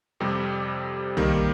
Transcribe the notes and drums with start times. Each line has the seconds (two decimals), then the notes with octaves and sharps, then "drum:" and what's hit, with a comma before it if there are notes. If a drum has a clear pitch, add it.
0.20 F2 C3 G3 C4 G4
1.17 D#3 G3 A#3, drum: tom B1